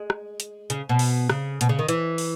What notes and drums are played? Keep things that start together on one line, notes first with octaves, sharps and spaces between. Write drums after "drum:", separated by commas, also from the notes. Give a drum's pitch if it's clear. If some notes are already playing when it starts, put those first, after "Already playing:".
Already playing: G#3
drum: rim click
drum: hi-hat
C#3, drum: hi-hat
B2
drum: open hi-hat
C#3, drum: rim click
B2, drum: hi-hat
C#3
D#3
E3, drum: hi-hat
drum: open hi-hat